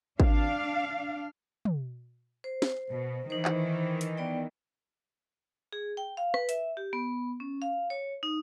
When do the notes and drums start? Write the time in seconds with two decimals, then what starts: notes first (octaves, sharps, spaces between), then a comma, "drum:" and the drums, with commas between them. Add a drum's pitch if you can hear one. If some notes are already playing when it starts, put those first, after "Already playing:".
0.20 D4 F5, drum: kick G#1
1.65 drum: tom
2.44 C5
2.62 drum: snare
2.90 B2
3.30 D#3 E3 D#4 C5
3.45 drum: clap
4.01 drum: hi-hat
4.17 B3 D5 G5
5.73 G#4
5.97 G5
6.17 F5
6.34 B4, drum: rim click
6.49 E5, drum: hi-hat
6.77 G4
6.93 B3
7.40 C#4
7.62 F5
7.90 C#5
8.23 D#4